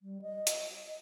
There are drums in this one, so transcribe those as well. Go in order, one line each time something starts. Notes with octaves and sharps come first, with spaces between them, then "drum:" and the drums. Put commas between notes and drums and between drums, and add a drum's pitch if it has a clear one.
G3
D#5
drum: hi-hat
D#5